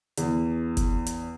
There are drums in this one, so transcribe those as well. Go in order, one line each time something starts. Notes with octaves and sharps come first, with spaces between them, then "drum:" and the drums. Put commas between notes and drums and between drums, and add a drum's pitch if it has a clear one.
E2, drum: hi-hat
drum: kick F#1, hi-hat
drum: hi-hat